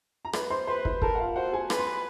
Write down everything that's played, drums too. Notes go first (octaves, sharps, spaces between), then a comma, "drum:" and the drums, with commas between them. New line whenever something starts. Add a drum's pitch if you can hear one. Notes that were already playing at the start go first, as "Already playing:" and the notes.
A#5
B4 B5, drum: rim click
C5 C6
B4 C5 C6
B4 B5, drum: kick
A4 A#4 A5, drum: kick
F#5
F4 F5
F#4 C5 F#5
G#4 G#5
B4, drum: rim click
C6
B5